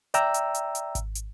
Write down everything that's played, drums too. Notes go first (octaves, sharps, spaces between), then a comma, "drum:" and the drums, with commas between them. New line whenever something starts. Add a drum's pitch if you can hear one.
D5 E5 G5 A#5 E6, drum: hi-hat
drum: hi-hat
drum: hi-hat
drum: hi-hat
drum: kick G#1, hi-hat
drum: hi-hat